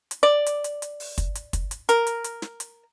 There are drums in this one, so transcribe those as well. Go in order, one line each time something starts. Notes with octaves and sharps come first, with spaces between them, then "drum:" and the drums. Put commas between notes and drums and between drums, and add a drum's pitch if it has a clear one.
drum: hi-hat
D5
drum: hi-hat
drum: hi-hat
drum: hi-hat
drum: open hi-hat
drum: kick, hi-hat
drum: hi-hat
drum: kick, hi-hat
drum: hi-hat
A#4, drum: hi-hat
drum: hi-hat
drum: hi-hat
drum: snare
drum: hi-hat